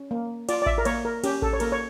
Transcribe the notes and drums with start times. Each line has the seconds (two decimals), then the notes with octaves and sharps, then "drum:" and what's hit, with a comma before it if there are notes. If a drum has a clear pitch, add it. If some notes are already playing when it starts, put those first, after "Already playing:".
Already playing: C#4
0.11 A#3
0.49 F4 D5, drum: cymbal
0.62 D5
0.66 E5, drum: kick A1
0.78 A#4
0.85 A#3 C#5, drum: cymbal
1.05 A#4
1.24 C#4 G4, drum: cymbal
1.42 A4, drum: kick A1
1.53 C#5
1.60 A#3 A#4, drum: cymbal
1.72 C#5